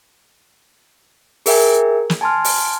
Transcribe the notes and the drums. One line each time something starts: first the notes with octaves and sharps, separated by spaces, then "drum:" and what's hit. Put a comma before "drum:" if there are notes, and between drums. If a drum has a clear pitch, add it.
G#4 A#4 E5 G5 G#5, drum: open hi-hat
drum: snare
G#5 A5 C6 F6
drum: open hi-hat